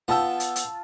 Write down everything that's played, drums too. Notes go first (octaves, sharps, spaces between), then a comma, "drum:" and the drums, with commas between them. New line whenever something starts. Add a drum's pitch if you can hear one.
B3 F4 G5 A5 E6
drum: hi-hat
drum: hi-hat